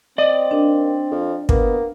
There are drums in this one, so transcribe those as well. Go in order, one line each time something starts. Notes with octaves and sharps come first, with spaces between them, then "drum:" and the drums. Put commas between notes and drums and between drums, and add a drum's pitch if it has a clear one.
C4 D5 D#5
D#2 D4
F2
A#3 B3, drum: kick